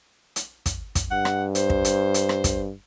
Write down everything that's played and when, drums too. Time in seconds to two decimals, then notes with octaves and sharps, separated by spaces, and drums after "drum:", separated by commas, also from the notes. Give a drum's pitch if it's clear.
0.36 drum: hi-hat
0.66 drum: kick, hi-hat
0.95 drum: kick, hi-hat
1.11 G2 F#5
1.25 drum: rim click
1.55 C5, drum: hi-hat
1.70 drum: kick
1.85 drum: hi-hat
2.14 drum: hi-hat
2.29 drum: rim click
2.44 drum: kick, hi-hat